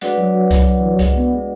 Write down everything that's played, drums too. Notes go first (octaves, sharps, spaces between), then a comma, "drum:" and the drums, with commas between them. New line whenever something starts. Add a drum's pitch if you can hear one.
G#3 D4 F#4 B4 D5 F#5, drum: hi-hat
F#3
F#3
drum: kick C2, hi-hat
E3
F#3
G#3, drum: kick C2, hi-hat
B3
G#3